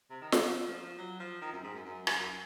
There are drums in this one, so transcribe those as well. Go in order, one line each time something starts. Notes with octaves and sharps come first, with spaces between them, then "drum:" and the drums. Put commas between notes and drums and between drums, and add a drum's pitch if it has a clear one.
C3
D#3
D#3, drum: snare
F3
F3
F3
F#3
F3
D#3
F#2
G#2
F#2
F#2
F#2, drum: rim click
F#2